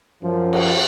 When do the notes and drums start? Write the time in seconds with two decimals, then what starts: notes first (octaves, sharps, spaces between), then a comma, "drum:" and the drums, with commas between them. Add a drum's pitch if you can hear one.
0.23 F#2 F3
0.53 drum: cymbal